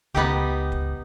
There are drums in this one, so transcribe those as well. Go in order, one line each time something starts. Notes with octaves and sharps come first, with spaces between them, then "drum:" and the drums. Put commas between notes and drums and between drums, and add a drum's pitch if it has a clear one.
C#2 B3 D#4 G4, drum: kick
drum: kick